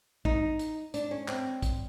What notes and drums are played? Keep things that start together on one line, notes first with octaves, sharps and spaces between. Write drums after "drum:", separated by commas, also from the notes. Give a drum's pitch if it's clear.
D#4, drum: kick
drum: hi-hat
D4, drum: hi-hat
C#4
C4, drum: clap
drum: kick, hi-hat